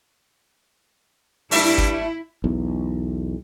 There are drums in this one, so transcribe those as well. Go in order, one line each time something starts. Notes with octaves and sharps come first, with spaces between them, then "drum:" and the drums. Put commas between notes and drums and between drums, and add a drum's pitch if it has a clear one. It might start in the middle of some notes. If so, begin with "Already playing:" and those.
G2 G3 A3 E4 E5, drum: open hi-hat
drum: kick
B1 E2